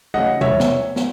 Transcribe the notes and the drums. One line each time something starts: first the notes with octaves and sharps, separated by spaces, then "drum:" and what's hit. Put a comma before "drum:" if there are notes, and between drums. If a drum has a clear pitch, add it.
C#3 F#3 A3 D#5 F#5
E2 C#5 E5, drum: tom B2
drum: snare
drum: snare